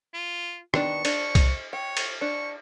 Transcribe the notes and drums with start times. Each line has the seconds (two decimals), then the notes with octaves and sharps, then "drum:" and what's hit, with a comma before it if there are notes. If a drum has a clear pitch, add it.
0.14 F4
0.74 D#3 B3 D4 C#6, drum: rim click
1.05 D4, drum: cymbal
1.35 drum: kick C2, cymbal
1.73 C#5 G5
1.97 drum: cymbal
2.21 D4 C#6